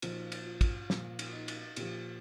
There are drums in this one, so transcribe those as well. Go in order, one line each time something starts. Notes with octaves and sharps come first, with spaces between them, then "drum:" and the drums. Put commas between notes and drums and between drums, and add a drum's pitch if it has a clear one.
A#2 F3 D#4, drum: cymbal
drum: cymbal
F4
drum: kick, cymbal
A#2 F3 F4, drum: snare
drum: cymbal
D#4
drum: cymbal
A#2 F3 G4, drum: cymbal